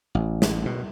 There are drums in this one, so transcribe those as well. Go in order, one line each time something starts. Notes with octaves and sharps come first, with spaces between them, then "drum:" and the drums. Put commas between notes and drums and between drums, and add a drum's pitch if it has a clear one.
A1
drum: snare
B2